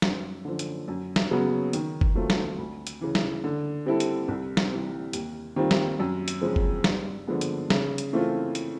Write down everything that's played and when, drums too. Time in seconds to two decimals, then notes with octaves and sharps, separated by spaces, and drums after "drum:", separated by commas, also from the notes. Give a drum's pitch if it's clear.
0.02 F#2, drum: snare
0.45 D3 F3
0.59 drum: hi-hat
0.88 F#2
1.16 drum: snare
1.31 C#3 F#3 B3
1.73 D#3, drum: hi-hat
2.01 drum: kick
2.15 F#3 A3 C4 F4
2.30 drum: snare
2.58 D2
2.87 drum: hi-hat
3.01 C#3 E3
3.15 drum: snare
3.44 D3
3.86 G3 C4 E4 A4
4.00 drum: hi-hat
4.28 C2
4.57 drum: snare
4.71 C3 E3 G3
5.13 D#2, drum: hi-hat
5.56 D#3 G3 C4 F4
5.71 drum: snare
6.00 F#2
6.28 drum: hi-hat
6.41 C#3 F3 G#3 C4
6.56 drum: kick
6.84 G2, drum: snare
7.28 D3 F3 G#3 B3
7.41 drum: hi-hat
7.70 C#3, drum: snare
7.98 drum: hi-hat
8.13 E3 A3 C4 F4
8.55 drum: hi-hat